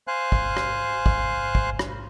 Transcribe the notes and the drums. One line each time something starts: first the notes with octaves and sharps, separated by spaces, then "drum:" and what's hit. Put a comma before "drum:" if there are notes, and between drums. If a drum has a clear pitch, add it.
C5 F5 G#5 F#6
drum: kick
drum: rim click
drum: kick
drum: kick
drum: rim click